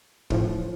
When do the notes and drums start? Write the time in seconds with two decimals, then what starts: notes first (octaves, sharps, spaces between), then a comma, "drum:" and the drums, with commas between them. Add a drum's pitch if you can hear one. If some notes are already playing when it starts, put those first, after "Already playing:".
0.30 A1 A2 F3, drum: kick